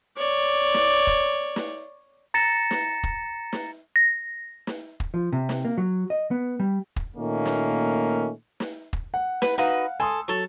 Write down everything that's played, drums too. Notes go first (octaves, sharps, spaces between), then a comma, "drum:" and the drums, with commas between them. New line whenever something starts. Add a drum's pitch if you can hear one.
C#5 D5
drum: snare
drum: kick
drum: snare
A#5 A6 A#6 C#7 E7
drum: snare
drum: kick
drum: snare
A#6
drum: snare
drum: kick
F3
C3
drum: snare
A#3
F#3
D#5
B3
G3
drum: kick
A#2 D#3 A3 A#3 C#4
drum: snare
drum: snare
drum: kick
F#5
B4, drum: snare
D#4 F#4 B4 F5 F#5
A4 G#5 C6 D#6
F#3 A4 C#5